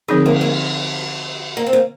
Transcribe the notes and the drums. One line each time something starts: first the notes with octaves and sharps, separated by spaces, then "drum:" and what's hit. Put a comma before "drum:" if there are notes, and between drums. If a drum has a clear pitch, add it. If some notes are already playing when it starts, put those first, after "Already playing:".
D3 F3 G#3 C4 D#4 G#4
A#3, drum: cymbal
A#3
A#3
C4
A#3